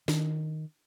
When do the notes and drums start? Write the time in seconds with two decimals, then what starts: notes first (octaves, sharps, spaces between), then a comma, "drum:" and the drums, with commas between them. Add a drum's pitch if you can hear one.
0.08 D#3, drum: snare